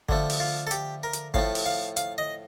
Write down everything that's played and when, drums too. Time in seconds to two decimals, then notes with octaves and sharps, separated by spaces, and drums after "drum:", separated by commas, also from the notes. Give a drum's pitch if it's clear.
0.09 D3 F3 A3, drum: kick G1
0.30 drum: open hi-hat
0.40 F4
0.67 A4
0.71 G4, drum: hi-hat
1.03 A#4
1.13 drum: hi-hat
1.34 A2 F3 A3 F5, drum: kick G1
1.55 drum: open hi-hat
1.66 F5
1.97 F5, drum: hi-hat
2.18 D#5